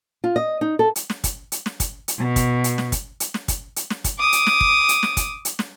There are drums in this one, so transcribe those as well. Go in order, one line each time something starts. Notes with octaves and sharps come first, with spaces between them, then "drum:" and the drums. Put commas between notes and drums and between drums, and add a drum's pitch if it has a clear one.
F4
D#5
D#4
A4
drum: hi-hat
drum: snare
drum: kick, hi-hat
drum: hi-hat
drum: snare
drum: kick, hi-hat
drum: hi-hat
B2
drum: kick, hi-hat
drum: hi-hat
drum: snare
drum: kick, hi-hat
drum: hi-hat
drum: snare
drum: kick, hi-hat
drum: hi-hat
drum: snare
drum: kick, hi-hat
D6 D#6
drum: hi-hat
drum: snare
drum: kick
drum: hi-hat
drum: snare
drum: kick, hi-hat
drum: hi-hat
drum: snare